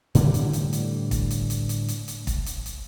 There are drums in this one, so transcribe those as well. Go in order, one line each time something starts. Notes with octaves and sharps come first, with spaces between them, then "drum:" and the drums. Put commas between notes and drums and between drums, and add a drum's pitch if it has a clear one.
A2 D3 E3 G3, drum: hi-hat
drum: hi-hat
drum: hi-hat
drum: hi-hat
drum: kick, hi-hat
drum: hi-hat
drum: hi-hat
drum: hi-hat
drum: hi-hat
drum: hi-hat
drum: kick, hi-hat
drum: hi-hat
drum: hi-hat